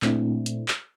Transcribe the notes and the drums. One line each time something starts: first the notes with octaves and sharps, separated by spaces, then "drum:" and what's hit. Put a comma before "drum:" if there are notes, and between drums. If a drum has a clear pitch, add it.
A#2 A3 C4 D4 E4, drum: clap
drum: hi-hat
drum: clap